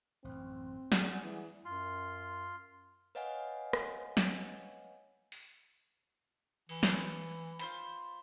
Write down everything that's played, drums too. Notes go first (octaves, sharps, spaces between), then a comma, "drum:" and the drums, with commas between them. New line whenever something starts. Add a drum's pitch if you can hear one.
A1 F#2 C4
G3 G#4 D5 F#5, drum: snare
E3
F#2 F4 C6
B4 C#5 D#5 F5 F#5 G#5
drum: rim click
drum: snare
drum: open hi-hat
E3, drum: cymbal
drum: snare
F4 C5 B5, drum: hi-hat